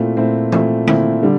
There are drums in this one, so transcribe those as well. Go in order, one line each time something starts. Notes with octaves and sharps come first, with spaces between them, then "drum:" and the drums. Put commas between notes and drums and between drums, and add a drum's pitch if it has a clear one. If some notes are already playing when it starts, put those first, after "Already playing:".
Already playing: A#2 A3 C4 E4
A#2 A3 C4 E4
A#2 A3 C4 E4, drum: tom E3
A#2 A3 C4 E4, drum: tom D3
D3 G3 D4